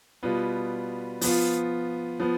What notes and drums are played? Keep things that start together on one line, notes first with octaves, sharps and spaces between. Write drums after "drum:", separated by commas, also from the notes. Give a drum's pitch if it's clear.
B2 G3 B3 F4
F3 B3 F4, drum: open hi-hat
F3 B3